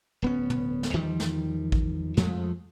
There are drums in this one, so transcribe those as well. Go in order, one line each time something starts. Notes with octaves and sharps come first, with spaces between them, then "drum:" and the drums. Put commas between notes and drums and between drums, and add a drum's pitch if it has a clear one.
D1 B3 C#4
drum: tom
drum: snare
E2 D#3 F3 G3
drum: snare
drum: kick
F2 F3 G#3 A3, drum: snare